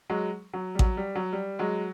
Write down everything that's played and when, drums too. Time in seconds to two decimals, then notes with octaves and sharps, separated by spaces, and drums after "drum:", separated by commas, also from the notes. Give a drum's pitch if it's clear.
0.10 F#3 G#3
0.53 F#3
0.75 G3
0.79 F#3, drum: kick A1
0.97 G3
1.15 F#3
1.33 G3
1.59 F#3 G#3